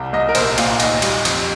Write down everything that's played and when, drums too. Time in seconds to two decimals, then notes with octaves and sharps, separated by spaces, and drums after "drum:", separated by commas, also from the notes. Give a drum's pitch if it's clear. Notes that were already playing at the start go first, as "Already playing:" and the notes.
Already playing: C2 G3
0.13 C2 D#5
0.29 A#4
0.35 A#1 C5, drum: cymbal
0.58 A#2 F5, drum: cymbal
0.80 D#2 D#5, drum: cymbal
1.02 G3, drum: cymbal
1.25 F2, drum: cymbal